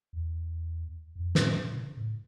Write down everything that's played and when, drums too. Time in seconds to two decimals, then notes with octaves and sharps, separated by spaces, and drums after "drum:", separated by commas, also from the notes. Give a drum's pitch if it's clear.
0.13 E2
1.15 F2
1.35 A2, drum: snare
1.56 A#2
1.72 D3
1.77 C#3
1.97 A2